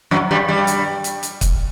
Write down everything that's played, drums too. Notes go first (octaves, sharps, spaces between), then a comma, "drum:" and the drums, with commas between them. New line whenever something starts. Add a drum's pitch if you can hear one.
F#2 F#3
G2 G3
G2 G3
drum: hi-hat
drum: hi-hat
drum: hi-hat
drum: kick, hi-hat